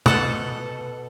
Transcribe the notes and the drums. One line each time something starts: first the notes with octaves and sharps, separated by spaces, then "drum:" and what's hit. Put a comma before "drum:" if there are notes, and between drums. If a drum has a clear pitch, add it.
B2 A4 F#5, drum: tom